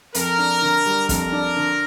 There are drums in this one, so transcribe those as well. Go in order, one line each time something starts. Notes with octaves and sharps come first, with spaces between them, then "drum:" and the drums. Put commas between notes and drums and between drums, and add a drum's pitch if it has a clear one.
F2 A#4, drum: hi-hat
D4
D3
G3
F2 A#4, drum: kick, hi-hat
D4
D3